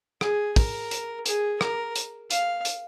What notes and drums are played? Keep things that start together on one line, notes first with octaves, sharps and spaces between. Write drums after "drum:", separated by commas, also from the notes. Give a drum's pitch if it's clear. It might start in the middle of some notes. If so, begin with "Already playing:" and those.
G#4, drum: rim click
A#4, drum: kick, open hi-hat
drum: hi-hat
G#4, drum: hi-hat
A#4, drum: rim click
drum: hi-hat
F5, drum: hi-hat
drum: hi-hat